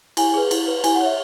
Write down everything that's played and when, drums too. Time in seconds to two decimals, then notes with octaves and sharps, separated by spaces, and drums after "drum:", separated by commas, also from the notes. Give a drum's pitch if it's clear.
0.17 E4 G#5, drum: cymbal
0.34 G#4 B4
0.51 E4, drum: cymbal
0.67 B4
0.84 E4 G#5, drum: cymbal
0.95 F#5
1.01 C#5 E5